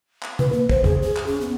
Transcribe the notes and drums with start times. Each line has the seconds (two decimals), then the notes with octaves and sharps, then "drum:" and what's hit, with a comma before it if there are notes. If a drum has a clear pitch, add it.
0.22 drum: clap
0.39 B4, drum: tom
0.53 A#3
0.69 C5, drum: kick
0.84 G#4, drum: tom
1.02 G#4
1.16 drum: clap
1.27 C#4
1.41 B3